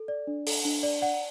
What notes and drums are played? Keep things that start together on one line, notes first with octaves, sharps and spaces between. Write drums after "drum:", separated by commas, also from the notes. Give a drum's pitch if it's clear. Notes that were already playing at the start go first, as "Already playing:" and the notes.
Already playing: A4
D5
D4
A4, drum: open hi-hat
D4
D5
D5 F#5